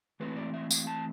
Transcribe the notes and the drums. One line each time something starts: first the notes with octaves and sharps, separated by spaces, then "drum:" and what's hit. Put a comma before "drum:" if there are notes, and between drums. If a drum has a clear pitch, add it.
E3 A3 C4 E4 B4
D5
E5
F5, drum: tambourine
A5